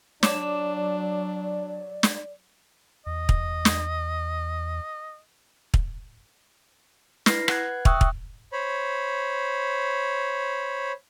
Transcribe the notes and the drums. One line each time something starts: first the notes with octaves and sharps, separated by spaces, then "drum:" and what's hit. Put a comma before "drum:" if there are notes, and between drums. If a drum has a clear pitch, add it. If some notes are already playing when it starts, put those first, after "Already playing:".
F#3 D4 C#5 D5 D6 E7, drum: snare
drum: snare
E2 D#5
drum: kick
drum: snare
drum: kick
E4 B4 F6 A#6 C7, drum: snare
B4 F#5 F#6 G#6, drum: rim click
E5 G5 C#6 D#6 E6 F#6, drum: kick
drum: kick
C5 C#5 B5